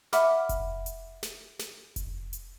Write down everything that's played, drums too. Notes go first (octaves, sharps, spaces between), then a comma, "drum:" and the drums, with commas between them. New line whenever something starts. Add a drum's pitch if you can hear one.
E5 F#5 B5 D6 F6, drum: snare
drum: kick F1, hi-hat
drum: hi-hat
drum: snare
drum: snare
drum: kick F1, hi-hat
drum: hi-hat